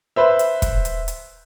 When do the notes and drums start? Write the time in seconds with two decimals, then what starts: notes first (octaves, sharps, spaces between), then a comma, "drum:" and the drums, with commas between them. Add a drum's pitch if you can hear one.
0.16 B4 C5 E5
0.39 drum: hi-hat
0.62 drum: kick, hi-hat
0.85 drum: hi-hat
1.08 drum: hi-hat